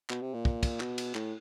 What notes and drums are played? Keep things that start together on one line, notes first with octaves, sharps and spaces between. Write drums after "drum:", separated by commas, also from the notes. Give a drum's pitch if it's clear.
B2, drum: clap
C3
A#2
drum: kick
drum: kick, cymbal
B2, drum: clap
drum: cymbal
A2, drum: clap